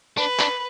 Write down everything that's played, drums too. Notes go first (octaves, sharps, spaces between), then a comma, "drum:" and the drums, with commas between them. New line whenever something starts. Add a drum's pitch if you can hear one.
D4 B4
D4, drum: clap